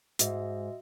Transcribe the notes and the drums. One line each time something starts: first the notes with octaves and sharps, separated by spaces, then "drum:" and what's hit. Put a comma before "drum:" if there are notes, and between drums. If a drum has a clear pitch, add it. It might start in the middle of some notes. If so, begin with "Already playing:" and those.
G#2 F#4 D#5 E5, drum: hi-hat